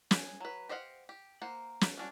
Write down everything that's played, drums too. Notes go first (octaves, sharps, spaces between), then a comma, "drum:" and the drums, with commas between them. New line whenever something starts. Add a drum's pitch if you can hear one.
G#4, drum: snare
F#3 B4
G4 C5 D#5 F5 F#5
G4
A#3 C5 F#5
drum: snare
C#4 D4 F#4